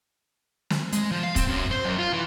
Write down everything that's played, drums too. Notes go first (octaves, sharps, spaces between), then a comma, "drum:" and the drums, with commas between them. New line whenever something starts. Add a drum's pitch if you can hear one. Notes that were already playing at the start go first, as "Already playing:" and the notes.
drum: snare
G#3, drum: hi-hat
F3
F5
C4, drum: kick, hi-hat
F#2
C5
F#2
F4
E3